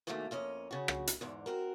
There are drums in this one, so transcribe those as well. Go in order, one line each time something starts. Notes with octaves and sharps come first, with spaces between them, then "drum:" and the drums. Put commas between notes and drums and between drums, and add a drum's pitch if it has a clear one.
E2 G#2 B2 D#3 A3 A#3
F2 A#3 C#4 D#5
C#3 F#4
drum: rim click
drum: hi-hat
E2 G#2 D3
C4 F#4 A#4